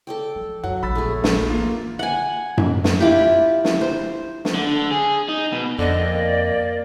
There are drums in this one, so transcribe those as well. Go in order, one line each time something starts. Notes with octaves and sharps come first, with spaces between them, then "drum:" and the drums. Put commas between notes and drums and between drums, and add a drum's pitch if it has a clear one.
A4 D5 G5
F3
F#2 F#3 F#5
E1 A#1 B5 E6 A6
A3 G#4
drum: snare
A1 A#3 F4
F#5 G#5
drum: tom F#2
drum: snare
E4 F4 G4
drum: snare
C5
drum: snare
D3
G#4
D#4
B2
F2 D3 D5 D#5
A#3